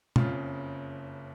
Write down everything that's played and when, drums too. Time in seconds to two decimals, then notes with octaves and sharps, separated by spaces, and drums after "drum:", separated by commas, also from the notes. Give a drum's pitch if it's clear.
0.16 F#1 F2 C#3 F4, drum: tom